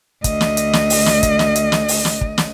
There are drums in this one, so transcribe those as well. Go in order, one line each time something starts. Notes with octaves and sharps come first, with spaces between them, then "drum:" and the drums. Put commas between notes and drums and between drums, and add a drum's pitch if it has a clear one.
D2 D#5, drum: kick, hi-hat
drum: snare
drum: hi-hat
drum: snare
drum: open hi-hat
drum: snare
drum: kick, hi-hat
drum: snare
drum: hi-hat
drum: snare
drum: open hi-hat
drum: snare
drum: kick
drum: snare